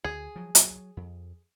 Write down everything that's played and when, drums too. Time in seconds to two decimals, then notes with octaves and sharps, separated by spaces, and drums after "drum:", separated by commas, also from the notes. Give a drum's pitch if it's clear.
0.04 D2 G#4
0.36 F3 F#3
0.55 F#3, drum: hi-hat
0.97 F2